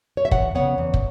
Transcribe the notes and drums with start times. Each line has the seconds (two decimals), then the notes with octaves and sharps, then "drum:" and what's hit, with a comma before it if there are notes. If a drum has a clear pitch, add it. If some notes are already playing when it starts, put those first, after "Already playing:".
0.17 C#5
0.25 E5
0.31 E2 C#5 F#5, drum: kick
0.55 C#3 E3 B3 C#5 F#5
0.78 E2
0.94 drum: kick